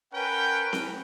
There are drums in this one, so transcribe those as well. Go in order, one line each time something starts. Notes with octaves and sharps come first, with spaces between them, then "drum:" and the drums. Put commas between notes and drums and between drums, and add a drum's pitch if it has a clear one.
C#4 A#4 B4 F#5 G5
drum: snare C4